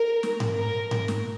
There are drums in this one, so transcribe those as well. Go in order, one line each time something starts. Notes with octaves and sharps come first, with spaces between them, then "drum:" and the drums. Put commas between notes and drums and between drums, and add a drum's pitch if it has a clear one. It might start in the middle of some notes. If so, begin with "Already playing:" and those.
Already playing: A#4
drum: snare
drum: tom G#2
A#4
drum: tom G#2
drum: snare